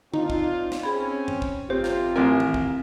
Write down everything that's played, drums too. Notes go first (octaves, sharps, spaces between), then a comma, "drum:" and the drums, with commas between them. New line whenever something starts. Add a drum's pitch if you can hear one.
C4 D4 D#4 F4, drum: tom D3
drum: kick
drum: snare
C4 C#4 G#4 B5
drum: tom F#2
drum: kick
G#1 F2 C3 C4 F4 G4
drum: snare
A1 C4 A#4 E5 G5 G#5
drum: tom D#3
drum: kick